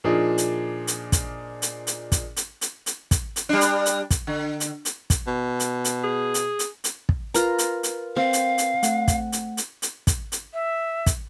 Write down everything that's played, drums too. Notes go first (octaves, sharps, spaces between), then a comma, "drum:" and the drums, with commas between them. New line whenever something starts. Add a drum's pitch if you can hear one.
A#2 F3 D4 D#4 G#4
drum: hi-hat
drum: hi-hat
drum: kick, hi-hat
drum: hi-hat
drum: hi-hat
drum: kick, hi-hat
drum: hi-hat
drum: hi-hat
drum: hi-hat
drum: kick, hi-hat
drum: hi-hat
G3 D4
drum: hi-hat
drum: hi-hat
drum: kick, hi-hat
D3
drum: hi-hat
drum: hi-hat
drum: kick, hi-hat
B2
drum: hi-hat
drum: hi-hat
G#4
drum: hi-hat
drum: hi-hat
drum: hi-hat
drum: kick
F4 A#4 B4 A#5 F6, drum: hi-hat
drum: hi-hat
drum: hi-hat
C4 F5
drum: hi-hat
drum: hi-hat
A3 F#5, drum: hi-hat
drum: kick, hi-hat
drum: hi-hat
drum: hi-hat
drum: hi-hat
drum: kick, hi-hat
drum: hi-hat
E5
drum: kick, hi-hat